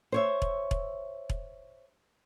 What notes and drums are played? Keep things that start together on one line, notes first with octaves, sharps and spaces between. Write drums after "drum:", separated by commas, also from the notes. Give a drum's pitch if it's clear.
C5 C#5 E5
drum: kick E1
drum: kick E1
drum: kick E1